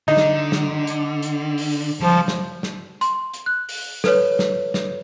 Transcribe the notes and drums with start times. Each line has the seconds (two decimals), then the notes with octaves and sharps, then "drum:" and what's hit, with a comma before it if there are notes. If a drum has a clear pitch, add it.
0.08 D3 D#4
0.17 drum: snare
0.52 drum: snare
0.87 drum: hi-hat
1.22 drum: hi-hat
1.58 drum: open hi-hat
2.00 C#2 F3 G3
2.28 drum: snare
2.63 drum: snare
3.01 C6, drum: hi-hat
3.34 drum: hi-hat
3.46 F#6
3.69 drum: open hi-hat
4.04 A4 B4 C#5, drum: snare
4.39 drum: snare
4.74 drum: snare